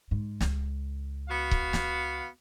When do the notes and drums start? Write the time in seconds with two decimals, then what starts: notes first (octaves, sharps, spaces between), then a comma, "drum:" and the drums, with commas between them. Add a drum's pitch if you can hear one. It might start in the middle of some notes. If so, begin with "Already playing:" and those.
0.11 G#2
0.41 C#2, drum: snare
1.30 B3 F#4 F5
1.51 drum: kick C#1
1.73 drum: snare